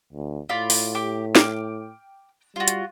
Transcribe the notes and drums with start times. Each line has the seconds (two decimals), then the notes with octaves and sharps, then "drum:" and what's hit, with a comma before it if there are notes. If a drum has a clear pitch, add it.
0.13 D2
0.49 A2 F4 D5 B5
0.70 drum: open hi-hat
0.95 G4 D6
1.35 G5 D6 F6, drum: snare
2.56 G3 F4 F#4
2.68 drum: hi-hat